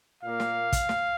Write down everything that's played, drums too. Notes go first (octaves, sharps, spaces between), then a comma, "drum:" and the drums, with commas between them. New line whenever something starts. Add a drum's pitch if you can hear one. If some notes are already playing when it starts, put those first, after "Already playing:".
A#2 A#3 F5
drum: snare
drum: kick, hi-hat
drum: snare